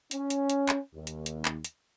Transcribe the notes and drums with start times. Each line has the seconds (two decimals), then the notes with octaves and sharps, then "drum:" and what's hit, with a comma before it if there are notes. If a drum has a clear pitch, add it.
0.11 C#4, drum: hi-hat
0.30 drum: hi-hat
0.50 drum: hi-hat
0.69 drum: clap
0.95 D#2
1.07 drum: hi-hat
1.26 drum: hi-hat
1.45 drum: clap
1.65 drum: hi-hat